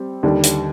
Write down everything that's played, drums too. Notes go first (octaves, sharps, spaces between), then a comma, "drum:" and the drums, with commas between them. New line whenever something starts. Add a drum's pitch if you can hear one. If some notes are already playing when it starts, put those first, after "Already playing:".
Already playing: G3 C4
D#2 D3 G3 D4
drum: hi-hat